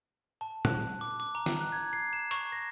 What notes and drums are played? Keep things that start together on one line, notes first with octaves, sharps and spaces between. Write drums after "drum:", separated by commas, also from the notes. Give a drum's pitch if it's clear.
A5
F#6, drum: tom A#2
D6
D6
A#5
drum: snare
F#6
G#6
C7
E7
C#6, drum: hi-hat
A#6